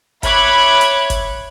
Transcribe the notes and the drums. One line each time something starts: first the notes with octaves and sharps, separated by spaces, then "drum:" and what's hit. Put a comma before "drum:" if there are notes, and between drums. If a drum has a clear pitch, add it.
C#5 E5 B5 D6 F#6 G#6, drum: kick, hi-hat
drum: hi-hat
drum: kick, hi-hat